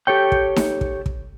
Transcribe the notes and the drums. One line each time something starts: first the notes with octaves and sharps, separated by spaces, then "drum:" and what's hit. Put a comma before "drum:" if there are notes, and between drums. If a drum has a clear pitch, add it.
G4 A4 C#5 G5
drum: kick
drum: snare D#4
drum: kick
drum: kick